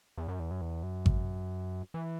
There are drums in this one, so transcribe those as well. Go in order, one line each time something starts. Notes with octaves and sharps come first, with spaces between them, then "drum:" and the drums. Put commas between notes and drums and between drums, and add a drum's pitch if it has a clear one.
E2
F#2
E2
F#2
E2
F#2
drum: kick G#1
E3